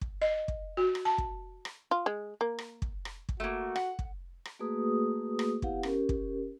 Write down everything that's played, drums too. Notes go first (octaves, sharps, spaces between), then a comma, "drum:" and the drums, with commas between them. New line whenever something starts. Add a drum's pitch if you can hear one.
drum: kick
D#5
drum: kick
F#4
drum: rim click
A5
drum: kick
drum: rim click
F4
G#3
A#3
drum: rim click
drum: kick
drum: rim click
drum: kick
A3 A#3 F#4
F#5, drum: rim click
drum: kick
drum: rim click
A3 A#3 F#4 G#4 B4 D#6
drum: rim click
B3 E4 G4 B4 F5 F#5, drum: kick
C#4 G4 A#4, drum: rim click
drum: kick